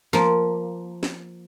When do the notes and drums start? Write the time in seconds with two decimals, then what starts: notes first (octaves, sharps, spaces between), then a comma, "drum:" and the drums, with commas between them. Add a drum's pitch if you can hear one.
0.13 F3 A#3, drum: snare
1.03 drum: snare